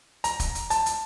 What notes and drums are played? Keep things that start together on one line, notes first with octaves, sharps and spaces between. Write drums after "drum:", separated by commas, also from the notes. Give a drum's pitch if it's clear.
A#5, drum: hi-hat
drum: kick, hi-hat
drum: hi-hat
A5, drum: hi-hat
drum: hi-hat